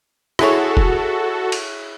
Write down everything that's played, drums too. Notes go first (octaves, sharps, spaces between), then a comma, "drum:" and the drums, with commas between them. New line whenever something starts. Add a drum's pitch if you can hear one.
E4 F#4 G#4 A4 C#5, drum: rim click
drum: kick
drum: cymbal